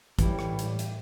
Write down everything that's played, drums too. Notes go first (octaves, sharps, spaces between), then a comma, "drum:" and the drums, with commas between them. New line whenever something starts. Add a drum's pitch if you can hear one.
A2 E3 G3, drum: kick, hi-hat
drum: rim click
drum: hi-hat
drum: hi-hat